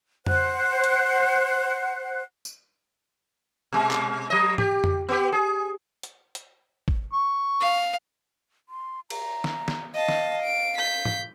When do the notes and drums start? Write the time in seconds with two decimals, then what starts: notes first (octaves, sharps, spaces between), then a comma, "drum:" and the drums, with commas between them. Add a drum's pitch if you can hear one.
0.26 C5 F#5 F#6, drum: tom F2
0.84 drum: hi-hat
2.45 drum: tambourine
3.73 B2 G#3
3.91 drum: clap
4.30 F#3 D#5
4.58 G4, drum: tom G#2
4.84 drum: tom F2
5.09 B3 G4
5.32 G#4
6.03 drum: hi-hat
6.35 drum: hi-hat
6.88 drum: kick
7.13 C#6
7.61 F5
8.69 C6
9.10 A#5, drum: cymbal
9.44 drum: snare
9.68 drum: snare
9.94 D#5 F5 A5
10.08 drum: snare
10.43 D7
10.78 G6 B6
11.05 drum: tom G#2